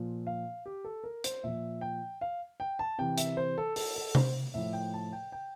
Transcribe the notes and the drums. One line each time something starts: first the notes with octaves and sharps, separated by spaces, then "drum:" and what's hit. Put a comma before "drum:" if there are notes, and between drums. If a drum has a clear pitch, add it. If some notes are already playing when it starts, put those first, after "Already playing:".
Already playing: A#2 F3
F5
G4
A4
A#4
C5, drum: hi-hat
A#2 F3 E5
G5
F5
G5
A5
C3 E3 G5
E5, drum: hi-hat
C5
A4
A4, drum: open hi-hat
A4
C5, drum: tom C3
A2 F3 E5
G5
A5
G5
G5